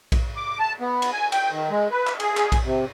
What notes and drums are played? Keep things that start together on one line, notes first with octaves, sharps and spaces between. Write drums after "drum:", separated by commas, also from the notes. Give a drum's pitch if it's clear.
drum: kick A#1, cymbal
D6
A5
B3
drum: cymbal
G#5
G5, drum: cymbal
D#3
G#3
B4
drum: clap
G#4, drum: cymbal
drum: clap
drum: kick A#1, cymbal
C3